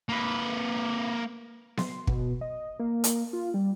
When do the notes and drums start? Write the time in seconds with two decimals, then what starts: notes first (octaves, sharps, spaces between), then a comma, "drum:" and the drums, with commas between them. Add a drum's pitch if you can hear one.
0.09 A#3 B4
1.77 C6, drum: snare B3
2.07 B2, drum: kick
2.41 D#5
2.80 A#3
3.04 drum: hi-hat
3.33 F4
3.54 G3